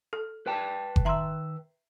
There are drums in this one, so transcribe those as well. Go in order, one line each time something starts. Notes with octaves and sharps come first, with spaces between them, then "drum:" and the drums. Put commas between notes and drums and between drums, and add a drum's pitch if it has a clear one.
A4
B4 G5 A5
drum: kick F#1
D#3 E5 A#5 C6 E6